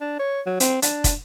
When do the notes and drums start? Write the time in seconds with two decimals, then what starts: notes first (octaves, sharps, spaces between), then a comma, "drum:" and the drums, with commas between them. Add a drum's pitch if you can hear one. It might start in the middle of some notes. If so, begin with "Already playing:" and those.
0.01 D4
0.19 C#5
0.46 F#3
0.60 C4, drum: hi-hat
0.82 D4, drum: hi-hat
1.04 drum: kick, hi-hat